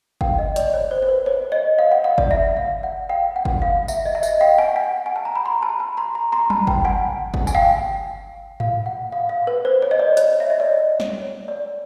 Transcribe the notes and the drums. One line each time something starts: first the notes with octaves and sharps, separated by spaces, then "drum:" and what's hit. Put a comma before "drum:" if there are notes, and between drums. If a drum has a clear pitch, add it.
F5 G5, drum: kick G1
D#5
D5, drum: hi-hat
C#5
C5
C5
B4
C#5
D#5
F5
F#5
F5
D5, drum: kick G1
E5
F5
F#5
F5 G5
F#5
drum: kick G1
F5
E5, drum: tambourine
D#5
E5
D#5, drum: tambourine
F5 G5
F#5 G#5
F#5
G#5
A5
A#5
B5
A#5 C6
A5 B5
A5 B5
A#5 C6
A#5 C6
A#5 C6
A5 B5, drum: tom F#3
G5 A5, drum: kick G1
F#5 G#5
drum: kick G1
G#5, drum: tambourine
F5 G5
F5, drum: tom G#2
F#5
F5
F5
B4
C5
C#5
D#5
D5
C#5, drum: hi-hat
E5
D#5
D5
C#5
drum: snare
C#5
D5